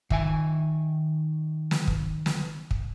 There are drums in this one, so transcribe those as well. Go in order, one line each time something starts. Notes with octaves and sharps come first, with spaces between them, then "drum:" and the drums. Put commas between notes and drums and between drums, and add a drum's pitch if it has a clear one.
D#3 E5 G#5, drum: kick
drum: snare
drum: kick
drum: snare
drum: kick